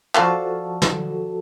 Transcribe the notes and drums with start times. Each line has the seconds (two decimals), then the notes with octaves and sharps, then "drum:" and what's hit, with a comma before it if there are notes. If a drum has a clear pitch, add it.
0.15 F3 F#4 A4 D5 F5 A5, drum: clap
0.82 drum: snare